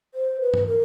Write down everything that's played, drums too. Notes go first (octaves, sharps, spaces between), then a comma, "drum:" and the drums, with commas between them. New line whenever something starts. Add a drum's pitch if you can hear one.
C5
B4
drum: tom
A#4